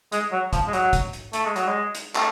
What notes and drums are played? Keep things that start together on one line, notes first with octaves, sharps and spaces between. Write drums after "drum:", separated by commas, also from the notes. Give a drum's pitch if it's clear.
G#3, drum: hi-hat
F#3
F3, drum: kick, hi-hat
G#3
F#3, drum: hi-hat
drum: kick, hi-hat
drum: hi-hat
A3, drum: hi-hat
G#3
F#3, drum: hi-hat
G#3
drum: hi-hat
A3, drum: clap